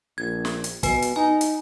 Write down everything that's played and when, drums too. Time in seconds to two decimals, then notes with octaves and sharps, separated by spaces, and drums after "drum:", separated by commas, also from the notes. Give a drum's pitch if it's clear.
0.18 A#1 G#6
0.45 drum: snare
0.64 drum: hi-hat
0.83 B2 B4 G#5, drum: kick, hi-hat
1.02 drum: hi-hat
1.16 D#4 G#5
1.41 drum: hi-hat